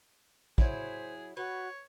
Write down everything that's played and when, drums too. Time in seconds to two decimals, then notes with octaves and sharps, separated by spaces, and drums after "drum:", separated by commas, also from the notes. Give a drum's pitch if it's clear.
0.58 F#3 E4 G#4 C5, drum: kick
1.37 F#4 B4 C#5